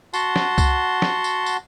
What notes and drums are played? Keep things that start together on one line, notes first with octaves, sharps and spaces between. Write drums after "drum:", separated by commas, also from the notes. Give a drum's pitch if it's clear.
F#4 F#5 A5 C6, drum: tambourine
drum: snare
drum: kick C2, tambourine
drum: snare
drum: tambourine
drum: tambourine